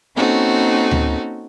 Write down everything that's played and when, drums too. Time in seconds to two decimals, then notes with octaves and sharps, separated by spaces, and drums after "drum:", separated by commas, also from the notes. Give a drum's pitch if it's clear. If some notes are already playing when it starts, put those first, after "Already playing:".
0.16 A#3 C4 C#4 D#4 F#4 A4
0.91 drum: tom D2